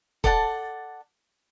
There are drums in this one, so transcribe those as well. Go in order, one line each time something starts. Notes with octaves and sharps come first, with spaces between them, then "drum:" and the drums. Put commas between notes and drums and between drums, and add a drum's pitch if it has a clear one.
A4 D5 F#5 A5, drum: kick